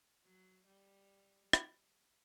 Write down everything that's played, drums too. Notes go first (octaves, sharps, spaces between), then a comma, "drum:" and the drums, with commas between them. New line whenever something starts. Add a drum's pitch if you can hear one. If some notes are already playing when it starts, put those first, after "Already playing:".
F#3
G3
drum: rim click